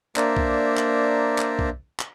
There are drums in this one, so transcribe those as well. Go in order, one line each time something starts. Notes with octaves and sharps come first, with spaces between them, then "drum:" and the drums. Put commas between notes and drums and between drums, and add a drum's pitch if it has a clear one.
A#3 D4 C5 D5 E5 A#5, drum: clap
drum: kick B1
drum: clap
drum: clap
drum: kick B1
drum: clap